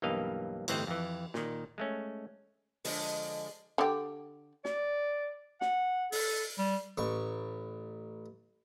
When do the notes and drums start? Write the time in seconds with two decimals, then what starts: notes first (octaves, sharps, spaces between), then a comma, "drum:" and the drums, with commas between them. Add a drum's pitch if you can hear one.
0.02 B1 G2 E3 A#3 D#5 F5
0.68 G1 A2 E3 C4 C5 D#5, drum: cymbal
0.87 F2 E3
1.34 A#2 D#3, drum: snare
1.78 G#3 A3 C#4
2.85 D3 F3 G#3 D5 D#5, drum: open hi-hat
3.78 D3 G4
4.65 D5, drum: snare
5.61 F#5, drum: snare
6.12 A4, drum: open hi-hat
6.59 G3
6.98 A1 C#6